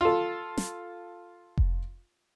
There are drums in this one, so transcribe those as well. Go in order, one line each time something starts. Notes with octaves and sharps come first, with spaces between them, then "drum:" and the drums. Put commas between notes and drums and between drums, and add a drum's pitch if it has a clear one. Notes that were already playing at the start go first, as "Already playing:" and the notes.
F4 A4
drum: snare
drum: kick F1